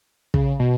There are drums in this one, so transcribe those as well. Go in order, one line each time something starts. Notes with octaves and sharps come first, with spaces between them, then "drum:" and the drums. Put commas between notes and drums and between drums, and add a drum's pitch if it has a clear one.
C#3, drum: kick
B2